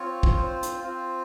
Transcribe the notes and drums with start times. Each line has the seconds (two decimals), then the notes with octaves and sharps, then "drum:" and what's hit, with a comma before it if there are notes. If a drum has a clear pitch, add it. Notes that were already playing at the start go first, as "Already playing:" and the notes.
Already playing: C4 F4 C#5
0.23 drum: kick
0.36 C5
0.63 drum: hi-hat
0.84 C4 F4